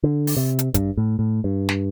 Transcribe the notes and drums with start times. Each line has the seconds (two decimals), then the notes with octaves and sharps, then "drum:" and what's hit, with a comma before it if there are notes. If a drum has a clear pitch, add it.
0.03 D3
0.27 drum: open hi-hat
0.37 C3
0.59 drum: hi-hat
0.74 G2, drum: kick, hi-hat
0.97 A2
1.19 A2
1.44 G2
1.69 drum: snare